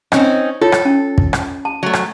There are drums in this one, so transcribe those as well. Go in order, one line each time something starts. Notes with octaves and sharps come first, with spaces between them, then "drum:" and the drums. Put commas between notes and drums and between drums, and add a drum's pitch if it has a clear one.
C4 C#4 D#4, drum: rim click
F4 A4 C#5
drum: rim click
C#4
drum: kick
drum: rim click
A5
F#3 A3
drum: rim click